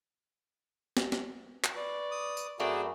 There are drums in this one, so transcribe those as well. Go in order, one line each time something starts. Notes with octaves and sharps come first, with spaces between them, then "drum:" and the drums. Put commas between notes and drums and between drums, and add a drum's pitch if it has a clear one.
drum: snare
drum: snare
drum: clap
B4 D5 C#6
D#6
drum: tambourine
F#2 A3 C4 F#4 G#4 A#4 D5 B5